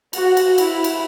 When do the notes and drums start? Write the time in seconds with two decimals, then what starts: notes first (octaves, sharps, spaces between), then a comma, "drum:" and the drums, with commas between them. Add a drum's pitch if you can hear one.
0.13 F#4, drum: cymbal
0.37 drum: cymbal
0.58 E4, drum: cymbal
0.84 drum: cymbal